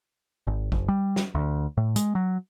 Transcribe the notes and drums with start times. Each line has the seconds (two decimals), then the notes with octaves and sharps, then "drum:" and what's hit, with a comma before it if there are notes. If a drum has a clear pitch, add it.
0.47 G#1
0.72 F#1, drum: kick
0.88 G3
1.16 drum: snare
1.35 D2
1.77 A2
1.96 G#3, drum: hi-hat
2.15 F#3